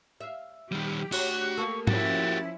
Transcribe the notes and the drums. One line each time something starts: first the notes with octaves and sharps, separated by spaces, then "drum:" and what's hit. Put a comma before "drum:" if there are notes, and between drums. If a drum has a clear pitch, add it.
E5 F5
D#3 G3 G4
D2 F#4 C#5 F#6, drum: cymbal
A#3 B3 A4 C#6
F3 C#4 E4 F#4 G4 A6, drum: tom G#2